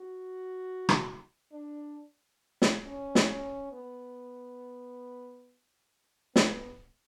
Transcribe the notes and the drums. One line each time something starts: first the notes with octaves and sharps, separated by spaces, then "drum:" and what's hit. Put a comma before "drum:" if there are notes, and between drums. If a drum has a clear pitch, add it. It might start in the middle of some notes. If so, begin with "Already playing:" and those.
Already playing: F#4
drum: rim click
D4
drum: snare
C#4
drum: snare
C#4
B3
B3, drum: snare